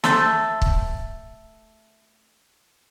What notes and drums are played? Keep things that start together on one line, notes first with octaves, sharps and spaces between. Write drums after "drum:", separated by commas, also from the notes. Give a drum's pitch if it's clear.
A3 C4 A4, drum: snare
drum: kick